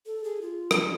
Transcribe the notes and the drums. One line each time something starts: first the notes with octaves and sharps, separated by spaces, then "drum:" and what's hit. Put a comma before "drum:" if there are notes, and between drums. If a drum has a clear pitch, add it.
A4
G#4
F4
drum: rim click